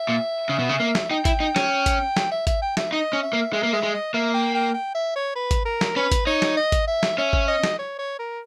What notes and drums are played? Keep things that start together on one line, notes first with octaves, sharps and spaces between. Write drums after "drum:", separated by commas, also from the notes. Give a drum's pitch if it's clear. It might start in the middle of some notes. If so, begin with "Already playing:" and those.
Already playing: E5
A#2
C#3
B2
C#3
A#3
drum: snare
D#4 G5
E4, drum: kick G#1, hi-hat
D#4
C#4, drum: snare
drum: kick G#1, hi-hat
drum: snare
E5
E5, drum: kick G#1, hi-hat
G5
E5, drum: snare
D#4 D#5
C#4
E5
A#3
G#3 E5
A#3
G#3 E5
G#3
D#5
A#3 E5
G5
G5
G5
E5
C#5
B4
drum: kick G#1, hi-hat
A#4
drum: snare
C#4 B4
drum: kick G#1, hi-hat
D#4 C#5
drum: snare
D#5
drum: kick G#1, hi-hat
E5
drum: snare
C#4 E5
drum: kick G#1
D#5
drum: snare
C#5
C#5
A#4